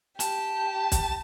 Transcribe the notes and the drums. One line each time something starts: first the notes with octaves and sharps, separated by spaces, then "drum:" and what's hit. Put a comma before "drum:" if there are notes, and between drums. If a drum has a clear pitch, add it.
G4 A5, drum: hi-hat
drum: kick, hi-hat